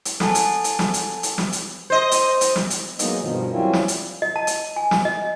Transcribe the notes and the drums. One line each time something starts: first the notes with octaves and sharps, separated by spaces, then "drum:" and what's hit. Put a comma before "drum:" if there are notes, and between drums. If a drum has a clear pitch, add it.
drum: hi-hat
A4 F#5 G#5 A5, drum: snare
drum: hi-hat
drum: hi-hat
drum: snare
drum: hi-hat
drum: hi-hat
drum: snare
drum: hi-hat
C5 D#5
drum: hi-hat
drum: hi-hat
drum: snare
drum: hi-hat
F#3 G#3 A#3 B3 D#4 D#5, drum: hi-hat
G2 B2 D#3 F3
F#3 G3 C4 C#4 E4 F4
drum: snare
drum: hi-hat
D#5
A5
drum: hi-hat
G#5
drum: snare
D#5